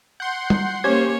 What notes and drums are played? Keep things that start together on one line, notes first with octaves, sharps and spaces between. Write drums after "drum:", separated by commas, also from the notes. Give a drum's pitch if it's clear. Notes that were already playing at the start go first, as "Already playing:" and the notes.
F#5 C6 G6
drum: tom
A#3 C#4 G4 C5 C#5 G#6